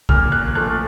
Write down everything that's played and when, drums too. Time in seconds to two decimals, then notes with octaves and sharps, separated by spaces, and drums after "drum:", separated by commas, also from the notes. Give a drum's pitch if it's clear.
0.09 A#2 F6, drum: kick A#1
0.32 F#6
0.55 F3 A3 F#6